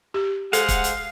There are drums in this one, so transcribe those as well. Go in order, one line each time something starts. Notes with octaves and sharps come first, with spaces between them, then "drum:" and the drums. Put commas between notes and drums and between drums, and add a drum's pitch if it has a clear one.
G4
G#3 A4 C5 F5 F#5, drum: hi-hat
drum: kick, hi-hat
drum: hi-hat